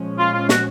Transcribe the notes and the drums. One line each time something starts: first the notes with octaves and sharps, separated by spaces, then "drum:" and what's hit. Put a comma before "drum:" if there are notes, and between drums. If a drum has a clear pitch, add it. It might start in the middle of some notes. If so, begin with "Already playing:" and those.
Already playing: A#2 F3 G#3 C#4
F4
F4
F#4, drum: snare